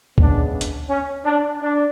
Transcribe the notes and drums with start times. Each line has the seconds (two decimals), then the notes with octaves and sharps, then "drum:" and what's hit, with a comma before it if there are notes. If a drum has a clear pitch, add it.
0.18 C#3 G#3 B3 D4, drum: kick C#2
0.61 drum: hi-hat
0.89 C#4
1.25 D4
1.61 D4